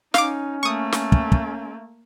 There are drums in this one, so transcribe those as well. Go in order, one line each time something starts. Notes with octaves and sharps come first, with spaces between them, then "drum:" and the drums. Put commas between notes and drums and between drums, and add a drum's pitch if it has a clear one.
C#4 D#4 F5 D6, drum: snare
A3 A#3 C#6 D#6
drum: snare
drum: kick
drum: kick